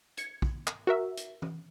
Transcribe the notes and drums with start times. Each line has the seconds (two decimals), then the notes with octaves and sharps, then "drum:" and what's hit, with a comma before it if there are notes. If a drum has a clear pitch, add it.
0.17 G#6 C#7, drum: hi-hat
0.42 drum: kick
0.67 drum: clap
0.87 F#4 A#4 E5
1.17 drum: hi-hat
1.42 drum: tom E3